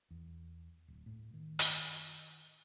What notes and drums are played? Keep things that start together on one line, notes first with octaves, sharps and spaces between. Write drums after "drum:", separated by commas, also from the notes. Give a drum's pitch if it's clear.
E2
D1
A2
D#3
drum: hi-hat